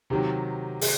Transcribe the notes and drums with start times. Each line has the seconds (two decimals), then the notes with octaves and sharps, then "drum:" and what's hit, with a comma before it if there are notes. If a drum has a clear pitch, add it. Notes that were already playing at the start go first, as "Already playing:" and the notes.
0.10 C3 D#3 F#3 G4
0.81 G#4, drum: open hi-hat